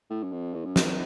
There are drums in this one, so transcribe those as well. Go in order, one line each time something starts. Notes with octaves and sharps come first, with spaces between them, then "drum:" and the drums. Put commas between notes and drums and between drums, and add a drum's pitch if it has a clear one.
A2
F#2
F2
E2
F#2
F2, drum: snare